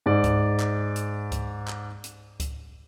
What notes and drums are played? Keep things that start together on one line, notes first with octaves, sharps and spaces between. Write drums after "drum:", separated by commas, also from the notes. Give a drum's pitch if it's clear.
G#2 D5
drum: kick C#2, hi-hat
drum: clap
drum: hi-hat
drum: kick C#2, hi-hat
drum: clap
drum: hi-hat
drum: kick C#2, hi-hat